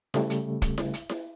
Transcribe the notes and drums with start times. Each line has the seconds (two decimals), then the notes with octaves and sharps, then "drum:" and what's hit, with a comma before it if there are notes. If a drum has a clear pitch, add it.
0.14 C#3 G3 A3, drum: snare E4
0.30 drum: hi-hat
0.62 drum: kick, hi-hat
0.78 drum: snare E4
0.94 drum: hi-hat
1.09 drum: snare E4